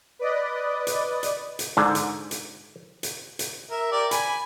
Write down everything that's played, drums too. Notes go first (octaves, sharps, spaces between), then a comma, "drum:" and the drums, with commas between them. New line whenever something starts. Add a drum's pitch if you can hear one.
B4 D5 D#5
drum: hi-hat
drum: hi-hat
drum: hi-hat
G#2 D3
drum: hi-hat
drum: hi-hat
drum: hi-hat
drum: hi-hat
A#4 E5
G4 A#4 D5
G#5 B5, drum: hi-hat